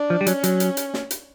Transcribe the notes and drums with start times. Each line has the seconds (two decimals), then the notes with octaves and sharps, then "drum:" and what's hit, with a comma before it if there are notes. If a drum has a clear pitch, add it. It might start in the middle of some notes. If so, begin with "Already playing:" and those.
Already playing: D4
0.10 F3
0.21 G3
0.27 F#3 C#4, drum: hi-hat
0.44 F#3, drum: hi-hat
0.60 drum: hi-hat
0.77 drum: hi-hat
0.94 drum: snare
1.11 drum: hi-hat